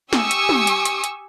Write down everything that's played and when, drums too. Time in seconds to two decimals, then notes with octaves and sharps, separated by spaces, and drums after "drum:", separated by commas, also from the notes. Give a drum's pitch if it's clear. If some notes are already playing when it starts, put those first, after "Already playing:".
0.13 G4 G#5 C#6 D#6 E6, drum: snare
0.31 drum: hi-hat
0.49 drum: tom
0.67 drum: hi-hat
0.85 drum: hi-hat
1.04 drum: hi-hat